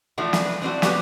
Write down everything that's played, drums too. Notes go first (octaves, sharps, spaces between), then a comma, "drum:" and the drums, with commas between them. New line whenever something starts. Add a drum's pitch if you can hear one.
E3 F3 A3 D4 E4 F#4
drum: snare
B4
E3 C4 D4 F#4
B3 F#4 G4 B4, drum: snare